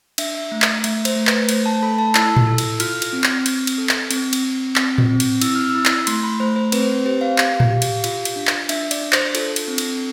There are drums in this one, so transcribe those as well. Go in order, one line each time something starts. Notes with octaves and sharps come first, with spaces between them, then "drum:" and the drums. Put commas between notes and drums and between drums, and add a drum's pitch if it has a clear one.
D4 E5, drum: cymbal
E5
A3
drum: clap
A3 E5, drum: cymbal
C5, drum: cymbal
A3
B4, drum: clap
A3 C5, drum: cymbal
A5
A4 B5
A5
E4 E6, drum: clap
drum: tom A2
A4
drum: cymbal
F4 F6, drum: cymbal
drum: cymbal
C4
drum: clap
C4, drum: cymbal
drum: cymbal
A4
drum: clap
C4, drum: cymbal
drum: cymbal
C4
C4, drum: clap
drum: tom A2
C4
drum: cymbal
E4 E6, drum: cymbal
F6
E4 E6
drum: clap
A3 C6, drum: cymbal
B5
A3 C5
C5
C4 B4, drum: cymbal
C5
B4
G4 C5
F5
G4, drum: clap
drum: tom A2
G4
drum: cymbal
F4, drum: cymbal
drum: cymbal
D4
drum: clap
D4 E5, drum: cymbal
D5, drum: cymbal
D4
C5, drum: clap
F4 A4, drum: cymbal
drum: cymbal
C4
drum: cymbal